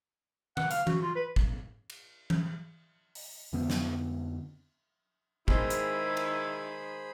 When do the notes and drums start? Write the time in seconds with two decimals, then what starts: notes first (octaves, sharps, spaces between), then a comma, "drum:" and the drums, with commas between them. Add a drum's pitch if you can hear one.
0.57 F#5, drum: tom D#3
0.71 F5, drum: hi-hat
0.87 F#4, drum: tom E3
1.03 F4
1.16 B4
1.36 drum: kick
1.90 drum: cymbal
2.30 drum: tom E3
3.15 drum: open hi-hat
3.53 F2 D3 B3 C4
3.70 drum: snare
5.48 D#3 G#3 C4 E4 G#4 C5 D#5 B5, drum: kick
5.70 drum: hi-hat
6.17 drum: cymbal